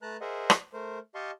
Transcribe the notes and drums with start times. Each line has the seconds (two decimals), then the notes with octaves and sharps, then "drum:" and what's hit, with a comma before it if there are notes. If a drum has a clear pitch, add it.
0.02 A3 B4 A5 A#5 F#6
0.21 G#4 A#4 C5 D#5 E5 F#5
0.50 drum: rim click
0.73 A3 A#4 C5
1.15 G4 D#5 F5 A5 C6 C#6